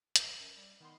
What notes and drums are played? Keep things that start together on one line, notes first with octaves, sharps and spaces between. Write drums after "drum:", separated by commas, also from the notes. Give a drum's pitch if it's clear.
drum: hi-hat
F#2
G3
D#3 B3 C6